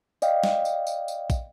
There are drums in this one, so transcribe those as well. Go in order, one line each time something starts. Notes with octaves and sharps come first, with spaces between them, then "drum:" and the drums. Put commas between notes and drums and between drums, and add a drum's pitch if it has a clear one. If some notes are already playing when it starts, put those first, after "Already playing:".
D5 D#5 F5 G5, drum: tambourine
drum: snare
drum: tambourine
drum: tambourine
drum: tambourine
drum: kick, tambourine